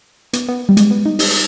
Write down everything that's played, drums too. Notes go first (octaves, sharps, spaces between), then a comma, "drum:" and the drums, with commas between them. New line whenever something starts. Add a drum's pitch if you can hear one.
B3, drum: hi-hat
B3
G3
G#3, drum: hi-hat
B3
D#4
D#4, drum: open hi-hat